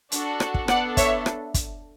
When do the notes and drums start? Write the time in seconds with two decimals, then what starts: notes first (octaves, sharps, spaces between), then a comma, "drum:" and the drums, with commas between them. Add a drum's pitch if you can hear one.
0.12 D4 F#4 A4, drum: hi-hat
0.40 drum: rim click
0.54 drum: kick
0.68 B3 D4 A4 D5 F#5, drum: rim click
0.97 C#5 E5, drum: kick, hi-hat
1.26 drum: rim click
1.54 drum: kick, hi-hat